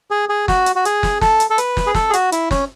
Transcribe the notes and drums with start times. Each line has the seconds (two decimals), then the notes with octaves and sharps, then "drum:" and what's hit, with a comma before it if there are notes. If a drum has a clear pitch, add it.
0.11 G#4
0.29 G#4
0.48 F#4, drum: snare
0.66 drum: hi-hat
0.76 F#4
0.85 G#4, drum: hi-hat
1.03 drum: snare
1.21 A4, drum: snare
1.40 drum: hi-hat
1.50 A4
1.58 B4, drum: hi-hat
1.77 drum: snare
1.87 G#4
1.95 A4, drum: snare
2.10 G#4
2.13 F#4, drum: hi-hat
2.32 E4, drum: hi-hat
2.51 C#4, drum: snare